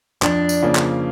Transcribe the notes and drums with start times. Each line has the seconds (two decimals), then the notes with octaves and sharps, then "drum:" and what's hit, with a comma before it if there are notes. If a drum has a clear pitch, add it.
0.22 F2 D4, drum: clap
0.49 drum: tambourine
0.63 C#3 F3 A#3
0.75 drum: clap